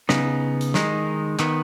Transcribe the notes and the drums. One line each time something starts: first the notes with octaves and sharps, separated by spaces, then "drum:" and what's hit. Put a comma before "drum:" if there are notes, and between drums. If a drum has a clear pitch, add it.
C#3 B3 D#4, drum: snare
drum: hi-hat
D#3 G#3 D#4, drum: snare
D#3 B3, drum: clap